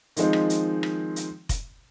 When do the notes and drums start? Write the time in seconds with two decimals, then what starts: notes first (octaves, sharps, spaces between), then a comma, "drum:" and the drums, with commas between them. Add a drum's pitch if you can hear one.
0.17 D#3 F3 G#3 C4 D#4, drum: hi-hat
0.33 drum: rim click
0.50 drum: hi-hat
0.83 drum: rim click
1.16 drum: hi-hat
1.49 drum: kick F1, hi-hat